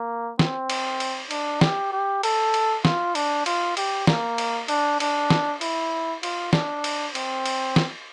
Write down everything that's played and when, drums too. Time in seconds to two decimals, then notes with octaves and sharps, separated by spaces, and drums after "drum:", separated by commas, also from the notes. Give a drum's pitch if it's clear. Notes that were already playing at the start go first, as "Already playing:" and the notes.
Already playing: A#3
0.39 C4, drum: snare
0.70 drum: cymbal
1.00 drum: cymbal
1.31 D4, drum: cymbal
1.61 G4, drum: snare
1.92 G4
2.23 A4, drum: cymbal
2.54 drum: cymbal
2.85 F4, drum: snare
3.15 D4, drum: cymbal
3.46 F4, drum: cymbal
3.77 G4, drum: cymbal
4.07 A#3, drum: snare
4.38 drum: cymbal
4.68 D4, drum: cymbal
5.00 D4, drum: cymbal
5.30 drum: snare
5.61 E4, drum: cymbal
6.23 F4, drum: cymbal
6.53 D4, drum: snare
6.84 drum: cymbal
7.15 C4, drum: cymbal
7.46 drum: cymbal
7.76 drum: snare